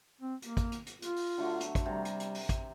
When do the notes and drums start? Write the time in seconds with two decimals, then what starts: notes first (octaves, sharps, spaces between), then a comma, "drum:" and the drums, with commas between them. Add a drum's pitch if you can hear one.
0.21 C4
0.42 A#3, drum: hi-hat
0.57 drum: kick, hi-hat
0.72 drum: hi-hat
0.86 drum: hi-hat
1.02 F4, drum: hi-hat
1.16 drum: open hi-hat
1.38 D3 F#3 A3
1.60 drum: hi-hat
1.75 drum: kick, hi-hat
1.86 C3 G3 A#5
2.05 drum: hi-hat
2.20 drum: hi-hat
2.34 drum: open hi-hat
2.49 drum: kick, hi-hat